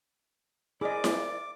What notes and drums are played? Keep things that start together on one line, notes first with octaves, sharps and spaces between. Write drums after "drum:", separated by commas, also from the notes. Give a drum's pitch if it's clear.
E4 G#4 A#4 C5 D5 D#5 D6
drum: snare E4